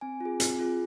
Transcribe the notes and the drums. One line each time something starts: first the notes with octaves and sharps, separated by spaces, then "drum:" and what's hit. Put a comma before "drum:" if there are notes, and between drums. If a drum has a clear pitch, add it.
C4 G#5
F4 G#4
C4, drum: hi-hat
F4 G#4